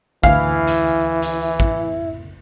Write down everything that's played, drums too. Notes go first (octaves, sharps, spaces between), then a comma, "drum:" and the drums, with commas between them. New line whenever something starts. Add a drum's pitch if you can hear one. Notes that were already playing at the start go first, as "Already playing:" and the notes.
D2 E3 E4 F5 G#5 F6, drum: kick
drum: hi-hat
drum: hi-hat
drum: kick